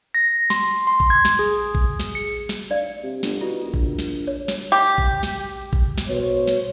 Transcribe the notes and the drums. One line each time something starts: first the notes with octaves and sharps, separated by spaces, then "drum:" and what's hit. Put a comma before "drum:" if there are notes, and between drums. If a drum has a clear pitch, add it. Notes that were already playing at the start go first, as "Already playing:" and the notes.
A#6
C6, drum: snare
C6
drum: kick A1
G#6
drum: snare
G#4
drum: kick A1
drum: snare
C#7
drum: snare
D4 D5 F5
C3
G1, drum: snare
B2 E4
A#1
drum: kick A1
drum: snare
C#5
drum: snare
G4
drum: kick A1
drum: snare
drum: kick A1
drum: snare
B2 C5 C#5
drum: snare